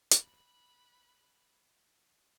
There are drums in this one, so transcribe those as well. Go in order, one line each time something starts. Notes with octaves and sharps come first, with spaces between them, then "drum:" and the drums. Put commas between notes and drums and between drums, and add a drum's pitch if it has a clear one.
B5 F#6, drum: hi-hat